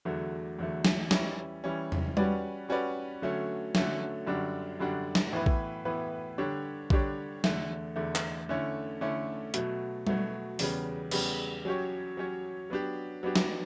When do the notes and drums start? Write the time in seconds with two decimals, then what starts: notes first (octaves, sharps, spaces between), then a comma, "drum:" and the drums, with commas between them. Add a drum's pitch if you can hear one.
0.05 E2 D3 F#3 A3
0.59 E2 D3 F#3 A3
0.85 drum: snare
1.11 E3 G3 C#4, drum: snare
1.64 E3 G3 C#4
1.92 drum: tom
2.17 G3 C#4 F#4 B4 D5, drum: tom G3
2.69 G3 C#4 F#4 B4 D5
3.22 D3 F#3 A3 C#4
3.75 D3 F#3 A3 C#4, drum: snare
4.27 F#2 D3 G3 D4 F#4
4.79 F#2 D3 G3 D4 F#4
5.15 drum: snare
5.32 A2 E3 B3 E4 B4
5.46 drum: kick A#1
5.85 A2 E3 B3 E4 B4
6.38 D3 G3 D4 G4 C#5
6.90 D3 G3 D4 G4 C#5, drum: kick A#1
7.44 E2 D3 A3, drum: snare
7.96 E2 D3 A3
8.15 drum: clap
8.49 D3 A3 C#4 E4
9.01 D3 A3 C#4 E4
9.54 B2 F#3 A3, drum: hi-hat
10.07 B2 F#3 A3, drum: tom G3
10.59 E2 C#3 G3 B3, drum: open hi-hat
11.11 E2 C#3 G3 B3, drum: cymbal
11.65 F#3 C#4 G4 C#5
12.17 F#3 C#4 G4 C#5
12.70 F#3 B3 D4 G4
13.23 F#3 B3 D4 G4
13.36 drum: snare